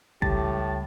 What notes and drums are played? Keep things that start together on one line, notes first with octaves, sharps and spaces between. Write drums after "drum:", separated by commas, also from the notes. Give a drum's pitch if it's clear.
C#2 A2 G3 G4 A5, drum: kick